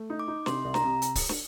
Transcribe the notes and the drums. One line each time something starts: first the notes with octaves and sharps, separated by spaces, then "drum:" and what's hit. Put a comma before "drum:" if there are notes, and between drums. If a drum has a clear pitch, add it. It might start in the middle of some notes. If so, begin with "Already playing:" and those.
Already playing: A3
D#4
D6
D#4
C3 C6, drum: snare
C2
A#5, drum: snare
C3
drum: hi-hat
drum: kick C#1, open hi-hat
drum: snare